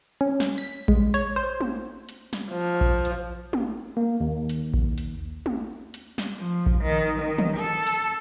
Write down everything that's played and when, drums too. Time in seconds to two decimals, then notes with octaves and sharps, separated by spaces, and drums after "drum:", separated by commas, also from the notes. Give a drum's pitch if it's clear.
0.21 C#4
0.40 drum: snare
0.58 B6
0.88 G#3, drum: kick A#1
1.14 C#5, drum: hi-hat
1.36 C5
1.61 drum: tom
2.09 drum: hi-hat
2.33 drum: snare
2.52 F3
2.81 drum: kick A#1
3.05 drum: hi-hat
3.53 drum: tom
3.97 A#3
4.20 D#2
4.50 drum: hi-hat
4.74 drum: kick A#1
4.98 drum: hi-hat
5.46 drum: tom
5.94 drum: hi-hat
6.18 drum: snare
6.37 F3
6.66 drum: kick A#1
6.82 D#3
7.20 D#3
7.38 drum: tom
7.57 A4
7.87 drum: hi-hat